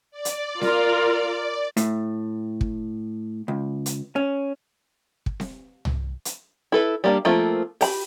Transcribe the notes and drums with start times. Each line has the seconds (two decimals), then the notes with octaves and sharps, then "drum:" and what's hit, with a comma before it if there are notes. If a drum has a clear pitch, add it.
0.11 D5
0.25 drum: hi-hat
0.61 F4 A#4, drum: snare C4
1.77 A2, drum: hi-hat
2.61 drum: kick
3.48 C#2
3.86 drum: hi-hat
4.16 C#4
5.26 drum: kick
5.40 drum: snare C4
5.85 drum: tom
6.25 drum: hi-hat
6.72 E4 A4 B4
7.04 G3 A#3 D4
7.25 F3 A3 A#3 C4 F4
7.81 G4 A#5 B5, drum: open hi-hat